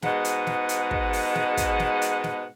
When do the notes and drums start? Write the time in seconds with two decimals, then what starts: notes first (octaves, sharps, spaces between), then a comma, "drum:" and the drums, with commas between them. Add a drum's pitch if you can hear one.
0.02 G#2 B2 G#3 D#5 F#5, drum: snare
0.24 drum: hi-hat
0.47 drum: snare
0.69 drum: hi-hat
0.91 drum: kick
1.13 drum: open hi-hat
1.35 drum: snare
1.57 drum: kick, hi-hat
1.79 drum: snare
2.02 drum: hi-hat
2.24 drum: snare